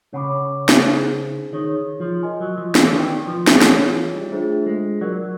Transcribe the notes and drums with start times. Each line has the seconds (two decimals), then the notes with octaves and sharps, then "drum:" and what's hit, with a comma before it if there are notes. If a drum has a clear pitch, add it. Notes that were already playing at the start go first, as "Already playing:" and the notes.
0.13 C#3 C#5 F#5 B5 D6
0.69 drum: snare
0.83 D#4 G#4 C5
1.53 D#3 D#4 G#4 C#5
2.00 F3
2.23 A#4 D#5 G#5 C6
2.40 F#3
2.58 F3
2.75 E3, drum: snare
2.92 D#3 F#4 B4 D5 G5
3.27 F3
3.47 drum: snare
3.61 E3 F4 G#4 C#5, drum: snare
3.80 E3
4.14 G3
4.32 A3 D4 F4 G#4 C5
4.66 G#3
5.01 F#3 A#4 D5 F#5